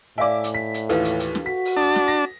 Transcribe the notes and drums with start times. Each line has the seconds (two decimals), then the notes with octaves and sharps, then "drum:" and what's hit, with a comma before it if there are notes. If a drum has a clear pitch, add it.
0.18 A2 D5 E5 F5 G#5 D6
0.44 drum: hi-hat
0.54 B6
0.74 drum: hi-hat
0.89 D#2 E3 F4 A4 B4 F5, drum: hi-hat
1.05 drum: hi-hat
1.20 drum: hi-hat
1.35 drum: snare
1.46 F#4 B6
1.65 drum: open hi-hat
1.76 D4 A5 D#6
1.96 drum: snare
2.08 A#6